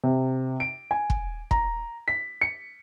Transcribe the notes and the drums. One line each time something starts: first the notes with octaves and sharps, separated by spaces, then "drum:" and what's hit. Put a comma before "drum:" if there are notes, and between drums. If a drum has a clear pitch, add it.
C3
D7
G#5
drum: kick
A#5, drum: kick
B6
C#7